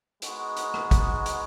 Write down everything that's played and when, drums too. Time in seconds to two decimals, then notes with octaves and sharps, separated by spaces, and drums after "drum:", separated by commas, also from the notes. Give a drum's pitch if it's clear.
0.22 G#3 B3 D#4 F#4, drum: hi-hat
0.57 drum: hi-hat
0.74 drum: rim click
0.91 drum: kick, hi-hat
1.26 drum: hi-hat